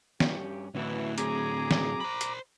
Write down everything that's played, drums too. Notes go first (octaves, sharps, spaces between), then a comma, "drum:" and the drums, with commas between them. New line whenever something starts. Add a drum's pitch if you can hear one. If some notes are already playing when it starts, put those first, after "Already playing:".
G2 C#4 G4, drum: snare
D2 A2 E3 C#4 F#4 B4
F#3 C4 G#4 A#5 D6, drum: hi-hat
drum: snare
C5 B5
drum: hi-hat